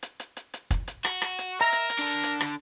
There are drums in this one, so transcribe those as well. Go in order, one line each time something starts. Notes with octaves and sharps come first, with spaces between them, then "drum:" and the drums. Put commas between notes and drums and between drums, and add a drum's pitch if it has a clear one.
drum: hi-hat
drum: hi-hat
drum: hi-hat
drum: hi-hat
drum: kick, hi-hat
drum: hi-hat
F#4, drum: rim click
drum: rim click
drum: hi-hat
A#4 E5 A#5
drum: hi-hat
drum: hi-hat
D4 A4
drum: hi-hat
drum: rim click